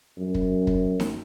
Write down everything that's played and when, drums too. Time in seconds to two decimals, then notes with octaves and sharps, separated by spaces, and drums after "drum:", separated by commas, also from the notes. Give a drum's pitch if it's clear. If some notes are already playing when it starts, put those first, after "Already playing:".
0.18 F#2
0.34 drum: kick
0.67 drum: kick
1.00 drum: snare D#4